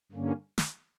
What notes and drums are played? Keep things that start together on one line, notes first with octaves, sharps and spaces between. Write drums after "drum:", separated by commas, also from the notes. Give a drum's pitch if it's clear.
G2 D3 A#3 C#4
drum: snare